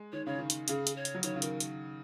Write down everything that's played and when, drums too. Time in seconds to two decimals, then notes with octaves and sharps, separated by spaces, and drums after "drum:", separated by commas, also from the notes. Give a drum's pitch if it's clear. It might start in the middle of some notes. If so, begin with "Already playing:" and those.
Already playing: G#3
0.12 D#3 C#5
0.26 C#3 C#5
0.39 D#3
0.50 drum: hi-hat
0.68 C#3 G#4, drum: hi-hat
0.87 drum: hi-hat
0.96 C#5
1.05 drum: hi-hat
1.14 F#3
1.23 D#3 C#5, drum: hi-hat
1.36 C#3
1.42 D#3 A#4, drum: hi-hat
1.60 drum: hi-hat